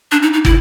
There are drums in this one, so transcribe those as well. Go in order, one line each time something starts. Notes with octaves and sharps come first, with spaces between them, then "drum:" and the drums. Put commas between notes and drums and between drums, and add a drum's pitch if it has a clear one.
D4
D#4
D#4
E4, drum: kick